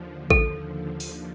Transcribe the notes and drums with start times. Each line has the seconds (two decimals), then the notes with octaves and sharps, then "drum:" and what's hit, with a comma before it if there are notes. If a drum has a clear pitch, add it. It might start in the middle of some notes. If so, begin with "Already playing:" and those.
Already playing: D#2 D3 F3
0.30 A4, drum: kick A1
1.00 drum: open hi-hat